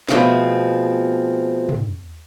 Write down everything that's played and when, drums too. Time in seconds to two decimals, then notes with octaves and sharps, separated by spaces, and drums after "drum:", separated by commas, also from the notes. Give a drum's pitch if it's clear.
0.09 B2 F3 A3 C4 G#4, drum: snare
1.69 drum: tom